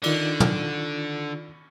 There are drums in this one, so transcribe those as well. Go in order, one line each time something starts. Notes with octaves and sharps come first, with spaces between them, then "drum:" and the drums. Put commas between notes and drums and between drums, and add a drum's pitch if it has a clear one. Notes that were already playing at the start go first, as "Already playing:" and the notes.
D3 D#3 F4 D5, drum: cymbal
drum: tom